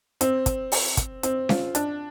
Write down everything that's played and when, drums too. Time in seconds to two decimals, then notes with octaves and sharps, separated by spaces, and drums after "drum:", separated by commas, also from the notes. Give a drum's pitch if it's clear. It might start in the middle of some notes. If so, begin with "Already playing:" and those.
0.21 C4, drum: hi-hat
0.46 drum: kick, hi-hat
0.72 drum: open hi-hat
0.97 drum: kick, hi-hat
1.23 C4, drum: hi-hat
1.49 F4, drum: snare C#4
1.75 D4, drum: hi-hat